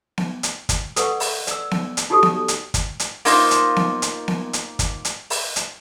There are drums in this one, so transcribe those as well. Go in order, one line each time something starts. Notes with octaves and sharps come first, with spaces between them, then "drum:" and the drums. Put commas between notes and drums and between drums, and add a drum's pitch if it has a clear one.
drum: snare B3
drum: hi-hat
drum: kick, hi-hat
A4 B4 D5 F#5 C#6, drum: hi-hat
drum: open hi-hat
D5 E6, drum: hi-hat
drum: snare B3
drum: hi-hat
D#4 F#4 G4 A4 D5 D#6
drum: snare B3
drum: hi-hat
drum: kick, hi-hat
drum: hi-hat
A#3 D#4 F4 C5, drum: open hi-hat
drum: hi-hat
drum: snare B3
drum: hi-hat
drum: snare B3
drum: hi-hat
drum: kick, hi-hat
drum: hi-hat
drum: open hi-hat
drum: hi-hat